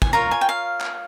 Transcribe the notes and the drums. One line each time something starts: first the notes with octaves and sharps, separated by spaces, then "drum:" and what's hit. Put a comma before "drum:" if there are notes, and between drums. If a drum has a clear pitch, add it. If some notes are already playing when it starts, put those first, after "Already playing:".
G#5, drum: kick
F4 A#4 C#5 A#5
G#5
G5
F5
drum: clap